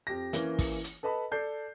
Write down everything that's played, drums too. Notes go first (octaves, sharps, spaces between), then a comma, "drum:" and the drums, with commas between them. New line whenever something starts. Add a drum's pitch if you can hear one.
F2 G4 A#6
E3 A#3 C#4 G7, drum: hi-hat
drum: kick, open hi-hat
drum: hi-hat
A4 B4 D#5 A5 B5
A4 D5 G6 C7